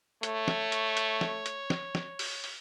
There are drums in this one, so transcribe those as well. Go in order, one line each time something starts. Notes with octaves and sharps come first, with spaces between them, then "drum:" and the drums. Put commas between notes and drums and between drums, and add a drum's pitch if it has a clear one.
A3 C#5, drum: hi-hat
drum: snare
drum: hi-hat
drum: hi-hat
drum: snare
drum: hi-hat
drum: snare
drum: snare
drum: open hi-hat
drum: open hi-hat